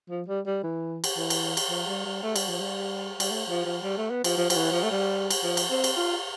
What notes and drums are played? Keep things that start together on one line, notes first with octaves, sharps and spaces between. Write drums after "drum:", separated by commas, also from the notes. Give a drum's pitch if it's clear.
F3
G3
G3
E3
drum: cymbal
E3
drum: cymbal
drum: cymbal
F3
G3
G3
A3
G3, drum: cymbal
F3
G3
G3, drum: cymbal
A3
F3
F3
G3
A3
B3
F3, drum: cymbal
F3
F3, drum: cymbal
E3
F3
A3
G3
drum: cymbal
F3
drum: cymbal
C4
drum: cymbal
F4